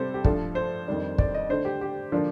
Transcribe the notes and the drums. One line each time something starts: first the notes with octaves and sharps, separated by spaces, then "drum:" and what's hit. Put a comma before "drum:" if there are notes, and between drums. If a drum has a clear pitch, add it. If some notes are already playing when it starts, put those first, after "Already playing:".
Already playing: C3 G3 C4 G4 A4 C5
G4
G2 F3 A3 D4 A4, drum: kick
C5
F2 D#3 G3 D4
D5, drum: kick
D#5
D3 A3 D4 C5
G4
G4
D3 F3 A#3 D4